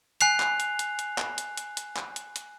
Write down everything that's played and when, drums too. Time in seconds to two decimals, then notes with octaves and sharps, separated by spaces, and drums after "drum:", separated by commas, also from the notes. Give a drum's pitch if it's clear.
0.21 G#5 F#6 C7 F7, drum: hi-hat
0.40 drum: clap
0.60 drum: hi-hat
0.79 drum: hi-hat
0.99 drum: hi-hat
1.18 drum: clap
1.38 drum: hi-hat
1.57 drum: hi-hat
1.77 drum: hi-hat
1.97 drum: clap
2.16 drum: hi-hat
2.36 drum: hi-hat